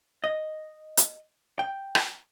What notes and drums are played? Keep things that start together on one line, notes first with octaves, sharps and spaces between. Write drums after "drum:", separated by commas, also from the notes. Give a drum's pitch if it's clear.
D#5
drum: hi-hat
G5
drum: rim click